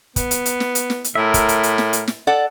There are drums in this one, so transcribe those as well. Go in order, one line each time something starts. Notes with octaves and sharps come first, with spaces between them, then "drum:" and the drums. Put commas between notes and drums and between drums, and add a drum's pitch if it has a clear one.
B3, drum: kick, hi-hat
drum: hi-hat
drum: hi-hat
drum: snare
drum: hi-hat
drum: snare
drum: hi-hat
A2 A#4 E5
drum: kick, hi-hat
drum: hi-hat
drum: hi-hat
drum: snare
drum: hi-hat
drum: snare
A4 D5 F#5